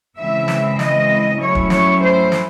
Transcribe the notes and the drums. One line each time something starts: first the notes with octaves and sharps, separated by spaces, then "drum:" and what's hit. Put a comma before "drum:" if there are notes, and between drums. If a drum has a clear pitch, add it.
C#3 E3 G#3 C4 E4 E5
drum: snare
D#5, drum: snare
F#3 A3 C#4 E4 C#5
drum: kick
C#5, drum: snare
C5
drum: snare